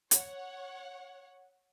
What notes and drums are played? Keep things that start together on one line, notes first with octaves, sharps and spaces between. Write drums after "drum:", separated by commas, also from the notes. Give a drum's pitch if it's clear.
C#5 F#5, drum: hi-hat